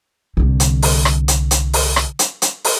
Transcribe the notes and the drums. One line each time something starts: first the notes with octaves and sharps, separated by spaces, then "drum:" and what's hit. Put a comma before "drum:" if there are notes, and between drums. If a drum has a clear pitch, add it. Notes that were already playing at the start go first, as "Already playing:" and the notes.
C2 D3
drum: hi-hat
drum: open hi-hat
drum: rim click
drum: hi-hat
drum: hi-hat
drum: open hi-hat
drum: rim click
drum: hi-hat
drum: hi-hat
drum: open hi-hat